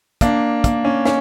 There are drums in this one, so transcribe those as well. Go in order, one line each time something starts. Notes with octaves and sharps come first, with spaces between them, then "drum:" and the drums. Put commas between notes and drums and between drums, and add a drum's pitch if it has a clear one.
A#3 D4, drum: kick, hi-hat
A#3, drum: kick, hi-hat
C#4
C#4, drum: snare